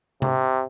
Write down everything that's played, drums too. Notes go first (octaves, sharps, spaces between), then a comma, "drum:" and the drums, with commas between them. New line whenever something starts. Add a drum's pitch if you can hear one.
C3, drum: tom C3